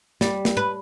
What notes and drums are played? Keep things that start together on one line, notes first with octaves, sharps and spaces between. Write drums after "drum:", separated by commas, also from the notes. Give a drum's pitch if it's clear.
G3, drum: snare
drum: snare
B4